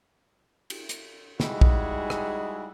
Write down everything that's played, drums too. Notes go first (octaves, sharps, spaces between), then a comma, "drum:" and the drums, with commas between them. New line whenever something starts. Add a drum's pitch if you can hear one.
drum: cymbal
drum: hi-hat
G3 G#3 D#4 E4 F#4 G#4, drum: snare
drum: kick
drum: rim click